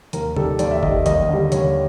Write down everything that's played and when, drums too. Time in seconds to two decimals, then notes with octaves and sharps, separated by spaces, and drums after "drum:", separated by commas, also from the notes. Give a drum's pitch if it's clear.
0.13 D#2 A#4, drum: hi-hat
0.37 D#3 G3 A4, drum: tom C3
0.59 D#2 D5, drum: hi-hat
0.71 E5
0.83 D#3 G3 D#5, drum: kick G1
1.06 D#2 D#5, drum: kick G1, hi-hat
1.29 D3 G3
1.52 D#2 C#5, drum: hi-hat